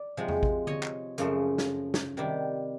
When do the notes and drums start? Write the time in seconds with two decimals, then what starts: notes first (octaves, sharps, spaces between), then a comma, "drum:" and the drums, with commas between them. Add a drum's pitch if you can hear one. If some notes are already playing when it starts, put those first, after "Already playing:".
Already playing: D5
0.17 C3 F3 G#3
0.28 drum: tom E2
0.43 drum: kick A1
0.67 C#5 D#5, drum: tom D3
0.83 drum: clap
1.18 F#2 C#3 F3 A3, drum: hi-hat
1.58 drum: snare
1.94 drum: snare
2.17 C3 D#3 G3